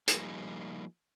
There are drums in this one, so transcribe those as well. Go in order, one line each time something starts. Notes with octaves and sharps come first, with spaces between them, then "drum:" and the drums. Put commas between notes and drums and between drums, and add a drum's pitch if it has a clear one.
F3 G3 A#3 D#4 F4 G#4, drum: hi-hat